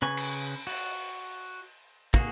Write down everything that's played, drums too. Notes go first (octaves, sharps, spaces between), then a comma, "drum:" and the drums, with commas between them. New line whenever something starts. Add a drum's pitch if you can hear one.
C#3 B4 G#5 C#6
drum: cymbal
F#4, drum: open hi-hat
A#3 F#4 G#4, drum: kick